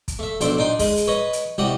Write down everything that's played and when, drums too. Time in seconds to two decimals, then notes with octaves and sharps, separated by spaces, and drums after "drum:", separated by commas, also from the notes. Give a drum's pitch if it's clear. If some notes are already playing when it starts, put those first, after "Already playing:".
0.08 drum: kick, hi-hat
0.19 A3 E5
0.41 B1 D4 A4 C5 D6, drum: hi-hat
0.58 D4 D#4 G5 C6
0.79 G#3, drum: kick, open hi-hat
0.97 drum: hi-hat
1.07 B4 C#5 D#5
1.33 drum: hi-hat
1.58 C2 G3 F#4 G4 D#5